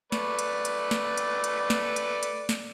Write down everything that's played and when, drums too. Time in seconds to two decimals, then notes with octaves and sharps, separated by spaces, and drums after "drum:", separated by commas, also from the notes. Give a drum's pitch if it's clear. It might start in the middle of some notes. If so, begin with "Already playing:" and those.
0.12 A3 B4 D5, drum: snare
0.39 drum: hi-hat
0.65 drum: hi-hat
0.91 drum: snare
1.18 drum: hi-hat
1.44 drum: hi-hat
1.70 drum: snare
1.96 drum: hi-hat
2.23 drum: hi-hat
2.49 drum: snare